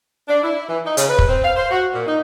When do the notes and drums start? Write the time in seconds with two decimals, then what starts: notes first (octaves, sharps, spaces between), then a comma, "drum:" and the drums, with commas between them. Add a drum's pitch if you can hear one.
0.28 D4
0.43 E4
0.68 E3
0.85 D#4
0.97 C#3, drum: hi-hat
1.09 B4
1.19 drum: kick
1.28 C4
1.43 F5
1.56 C5
1.71 F#4
1.93 A#2
2.07 D#4